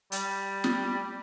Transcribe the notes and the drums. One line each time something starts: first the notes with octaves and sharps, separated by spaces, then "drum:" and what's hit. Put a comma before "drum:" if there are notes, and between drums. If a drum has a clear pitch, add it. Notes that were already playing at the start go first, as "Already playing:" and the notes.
G3, drum: hi-hat
drum: snare